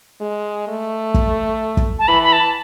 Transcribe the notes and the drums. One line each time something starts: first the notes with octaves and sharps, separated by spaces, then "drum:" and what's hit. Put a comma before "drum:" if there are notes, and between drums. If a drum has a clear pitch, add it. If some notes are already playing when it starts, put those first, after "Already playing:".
G#3
A3
drum: kick
drum: kick
A5
E3 B5
B5
A5